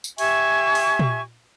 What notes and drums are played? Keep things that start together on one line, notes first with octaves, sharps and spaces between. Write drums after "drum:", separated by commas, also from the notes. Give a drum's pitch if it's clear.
drum: tambourine
G4 E5 G#5 C#6, drum: open hi-hat
drum: open hi-hat
drum: tom A#2